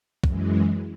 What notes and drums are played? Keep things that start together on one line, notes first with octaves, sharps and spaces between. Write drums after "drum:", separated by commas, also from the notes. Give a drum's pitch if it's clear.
F#2 E3 G#3, drum: kick